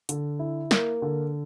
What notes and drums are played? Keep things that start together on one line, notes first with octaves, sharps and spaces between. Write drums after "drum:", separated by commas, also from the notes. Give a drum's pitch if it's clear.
D3, drum: hi-hat
E4
A#3, drum: snare
D3